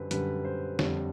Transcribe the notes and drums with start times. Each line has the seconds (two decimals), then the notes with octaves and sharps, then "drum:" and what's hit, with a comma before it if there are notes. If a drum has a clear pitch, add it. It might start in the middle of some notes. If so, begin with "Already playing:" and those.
Already playing: F#2 D3 G3 B4 C5
0.11 F#2 D3 G3 B4, drum: hi-hat
0.45 C5
0.79 F2 D3 G3 C#5, drum: snare